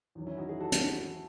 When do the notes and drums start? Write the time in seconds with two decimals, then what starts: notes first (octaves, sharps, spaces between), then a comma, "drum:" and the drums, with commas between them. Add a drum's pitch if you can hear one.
0.15 E2 D#3 F#3
0.27 C#4 E4
0.38 D#4 F#4
0.49 E4 G#4
0.60 F#4 A4
0.72 drum: hi-hat
1.05 E3